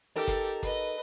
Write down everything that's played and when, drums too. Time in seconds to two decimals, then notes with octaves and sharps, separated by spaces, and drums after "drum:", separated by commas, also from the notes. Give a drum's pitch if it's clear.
0.16 D#4 G4 A4 A#4
0.28 drum: kick G1, hi-hat
0.63 B4 D#5, drum: kick G1, hi-hat